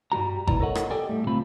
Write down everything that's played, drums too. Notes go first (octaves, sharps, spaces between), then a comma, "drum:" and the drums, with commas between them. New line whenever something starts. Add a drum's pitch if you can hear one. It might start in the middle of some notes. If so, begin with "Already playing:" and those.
G2 G3 F#4 A#5
C#2 B3 E4 D5 A#5, drum: kick G#1
A4 A#4 C#5 D#5 F#5
drum: rim click
G4 A4 D5 D#5 G5 G#5
A2 G3 A3
C#2 A3 C4 F4 B5